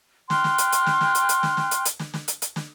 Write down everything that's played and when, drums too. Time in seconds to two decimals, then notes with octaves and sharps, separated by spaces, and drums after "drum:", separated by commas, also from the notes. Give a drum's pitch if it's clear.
0.30 G5 C6 F6 F#6, drum: snare
0.44 drum: snare
0.58 drum: hi-hat
0.72 drum: hi-hat
0.86 drum: snare
1.01 drum: snare
1.15 drum: hi-hat
1.29 drum: hi-hat
1.43 drum: snare
1.57 drum: snare
1.71 drum: hi-hat
1.85 drum: hi-hat
1.99 drum: snare
2.14 drum: snare
2.28 drum: hi-hat
2.42 drum: hi-hat
2.56 drum: snare